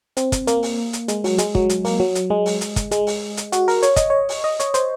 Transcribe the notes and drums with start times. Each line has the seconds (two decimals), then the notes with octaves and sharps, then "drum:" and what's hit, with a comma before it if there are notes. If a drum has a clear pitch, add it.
0.17 C4, drum: hi-hat
0.32 drum: kick, hi-hat
0.47 A#3, drum: hi-hat
0.63 drum: open hi-hat
0.93 drum: hi-hat
1.08 G#3, drum: hi-hat
1.24 F#3, drum: open hi-hat
1.38 G#3, drum: hi-hat
1.55 F#3, drum: kick
1.69 drum: hi-hat
1.85 A#3, drum: open hi-hat
2.00 F#3
2.15 drum: hi-hat
2.30 G#3
2.46 drum: open hi-hat
2.61 drum: hi-hat
2.76 drum: kick, hi-hat
2.91 G#3, drum: hi-hat
3.07 drum: open hi-hat
3.37 drum: hi-hat
3.52 F#4, drum: hi-hat
3.68 A#4, drum: open hi-hat
3.82 C#5, drum: hi-hat
3.96 D#5, drum: kick, hi-hat
4.10 C#5
4.29 drum: open hi-hat
4.44 D#5
4.60 C#5, drum: hi-hat
4.74 C5, drum: hi-hat